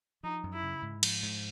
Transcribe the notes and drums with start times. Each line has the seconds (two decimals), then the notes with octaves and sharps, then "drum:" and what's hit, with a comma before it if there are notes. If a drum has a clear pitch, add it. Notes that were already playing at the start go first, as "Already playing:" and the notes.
0.23 F3 D#4
0.44 F#2
0.54 E4
0.63 C#3
0.82 G#2
1.03 F3, drum: cymbal
1.23 G#2